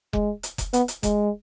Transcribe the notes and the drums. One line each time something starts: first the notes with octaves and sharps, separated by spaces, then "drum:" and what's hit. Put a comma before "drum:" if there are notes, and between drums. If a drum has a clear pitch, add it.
G#3, drum: kick F1
drum: hi-hat
drum: kick F1, hi-hat
B3, drum: hi-hat
drum: hi-hat
G#3, drum: kick F1, hi-hat